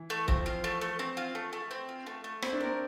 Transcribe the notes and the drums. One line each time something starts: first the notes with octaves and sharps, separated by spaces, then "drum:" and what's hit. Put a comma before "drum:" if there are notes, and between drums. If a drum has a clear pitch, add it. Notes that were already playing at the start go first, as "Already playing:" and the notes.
Already playing: E3
A3
F3 C4, drum: kick
F4
A3
A3
C4
F4
A3
A3
C4
F4
A3
A3
C4 E4, drum: rim click
D4
C4 A#4